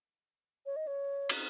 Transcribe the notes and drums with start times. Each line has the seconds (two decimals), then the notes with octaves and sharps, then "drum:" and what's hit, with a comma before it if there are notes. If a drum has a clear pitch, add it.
0.66 C#5
0.76 D#5
0.87 C#5
1.29 drum: cymbal